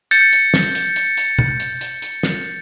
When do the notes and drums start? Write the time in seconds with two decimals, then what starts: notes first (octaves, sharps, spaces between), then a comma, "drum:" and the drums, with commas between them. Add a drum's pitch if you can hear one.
0.11 G6 A6 C#7, drum: hi-hat
0.32 drum: hi-hat
0.54 drum: snare
0.75 drum: hi-hat
0.96 drum: hi-hat
1.17 drum: hi-hat
1.39 drum: tom B2
1.60 drum: hi-hat
1.81 drum: hi-hat
2.02 drum: hi-hat
2.23 drum: snare